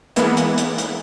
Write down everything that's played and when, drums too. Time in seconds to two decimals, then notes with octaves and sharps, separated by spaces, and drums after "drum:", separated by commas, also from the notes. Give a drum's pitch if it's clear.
0.16 E3 G#3 A#3 B3 E4, drum: hi-hat
0.37 drum: hi-hat
0.58 drum: hi-hat
0.78 drum: hi-hat